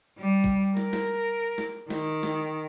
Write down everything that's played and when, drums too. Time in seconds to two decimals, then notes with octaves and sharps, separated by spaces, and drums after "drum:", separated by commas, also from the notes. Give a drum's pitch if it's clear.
0.19 G3
0.44 drum: kick
0.77 A#4, drum: snare
0.93 drum: snare
1.58 drum: snare
1.90 D#3, drum: snare
2.23 drum: snare